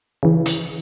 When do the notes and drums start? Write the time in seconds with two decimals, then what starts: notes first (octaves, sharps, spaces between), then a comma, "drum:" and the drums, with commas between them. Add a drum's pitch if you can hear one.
0.23 C#3 E3
0.46 drum: hi-hat